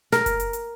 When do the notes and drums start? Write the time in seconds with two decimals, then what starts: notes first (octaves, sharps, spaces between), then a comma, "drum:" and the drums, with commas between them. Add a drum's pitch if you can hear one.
0.12 A#4, drum: snare
0.26 drum: kick F#1, hi-hat
0.40 drum: hi-hat
0.53 drum: hi-hat